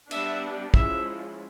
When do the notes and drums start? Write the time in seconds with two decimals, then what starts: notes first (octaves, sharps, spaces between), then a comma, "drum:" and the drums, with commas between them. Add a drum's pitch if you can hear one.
0.11 G3 B3 D4 E5, drum: cymbal
0.74 F3 G#3 C#4 E4 E5, drum: kick